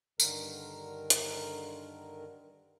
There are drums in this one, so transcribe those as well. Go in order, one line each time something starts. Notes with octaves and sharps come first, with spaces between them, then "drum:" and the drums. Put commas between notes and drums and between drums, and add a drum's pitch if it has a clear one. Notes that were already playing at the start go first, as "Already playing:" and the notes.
G2 D3 D#3 A#4, drum: tambourine
drum: hi-hat